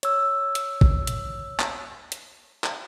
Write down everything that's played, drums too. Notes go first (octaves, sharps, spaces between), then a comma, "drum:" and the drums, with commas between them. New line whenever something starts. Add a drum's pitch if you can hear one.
C#5 E6, drum: hi-hat
drum: hi-hat
drum: kick
drum: hi-hat
drum: clap
drum: hi-hat
drum: clap